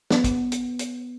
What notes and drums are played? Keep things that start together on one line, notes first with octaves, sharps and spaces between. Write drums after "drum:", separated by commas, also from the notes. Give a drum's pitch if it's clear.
B3, drum: snare
drum: kick, hi-hat
drum: hi-hat
drum: hi-hat